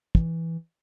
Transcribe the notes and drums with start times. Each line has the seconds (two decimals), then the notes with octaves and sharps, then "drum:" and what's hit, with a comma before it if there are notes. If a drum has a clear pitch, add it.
0.15 E3, drum: kick